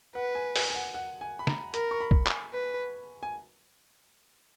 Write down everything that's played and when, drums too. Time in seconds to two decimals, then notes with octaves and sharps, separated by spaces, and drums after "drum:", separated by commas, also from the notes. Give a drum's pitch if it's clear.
0.15 B4 F#5
0.35 G#5
0.56 G#5, drum: open hi-hat
0.70 G#5
0.75 F#5
0.94 F#5
1.21 G#5
1.39 B5
1.47 A#5, drum: snare
1.74 A#4 B5, drum: hi-hat
1.91 C#6
2.00 B5
2.11 drum: kick
2.27 G#5, drum: clap
2.53 B4
3.23 G#5